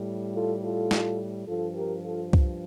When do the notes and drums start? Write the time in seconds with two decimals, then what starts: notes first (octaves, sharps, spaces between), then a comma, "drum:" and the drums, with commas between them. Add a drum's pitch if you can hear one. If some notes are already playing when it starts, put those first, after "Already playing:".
Already playing: A2 G3
0.32 F4 A4
0.61 F4 A4
0.91 drum: snare
1.45 G2 F3 F4 A4
1.74 G4 A#4
2.02 F4 A4
2.33 drum: kick C2